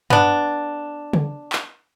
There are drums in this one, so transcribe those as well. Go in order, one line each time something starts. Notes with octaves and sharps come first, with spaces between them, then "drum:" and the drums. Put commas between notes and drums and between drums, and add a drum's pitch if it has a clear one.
B3 D4, drum: tom G2
drum: tom C#3
drum: clap